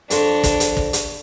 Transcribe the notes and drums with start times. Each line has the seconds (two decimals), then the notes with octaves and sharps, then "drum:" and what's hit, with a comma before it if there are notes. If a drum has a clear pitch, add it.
0.10 F2 D4 C6 C#6, drum: hi-hat
0.43 drum: kick, hi-hat
0.60 drum: hi-hat
0.77 drum: kick
0.93 drum: hi-hat